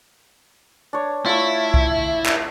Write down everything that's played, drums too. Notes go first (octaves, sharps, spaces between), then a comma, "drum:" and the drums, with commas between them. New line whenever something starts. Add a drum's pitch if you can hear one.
D4 C#5
A3 E4 F4
drum: kick C2
drum: clap